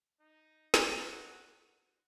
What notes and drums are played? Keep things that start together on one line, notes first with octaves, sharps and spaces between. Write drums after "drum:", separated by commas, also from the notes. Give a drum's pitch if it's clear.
D#4
drum: snare
F#4